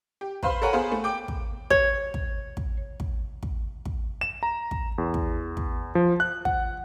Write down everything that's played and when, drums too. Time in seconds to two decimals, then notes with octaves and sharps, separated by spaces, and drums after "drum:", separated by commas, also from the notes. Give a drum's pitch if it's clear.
0.21 G4
0.43 B4 C5 F5 B5 C6, drum: kick
0.62 A4 A#4 C#5 F#5 G#5 A#5
0.73 B3 G#4 C5 F5 B5
0.92 A3
1.04 G5 D6 D7
1.28 drum: kick
1.70 C#5, drum: kick
2.14 drum: kick
2.57 drum: kick
3.00 drum: kick
3.43 drum: kick
3.85 drum: kick
4.21 E7
4.43 A#5
4.71 drum: kick
4.98 E2
5.14 drum: kick
5.57 drum: kick
5.95 F3
6.20 F#6
6.45 F#5, drum: kick